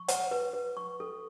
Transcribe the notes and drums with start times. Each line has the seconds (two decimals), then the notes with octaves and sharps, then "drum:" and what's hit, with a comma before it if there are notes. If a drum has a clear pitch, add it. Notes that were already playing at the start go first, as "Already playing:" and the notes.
Already playing: C#6
0.08 F#5, drum: hi-hat
0.31 B4
0.53 B4
0.77 C#6
1.00 A4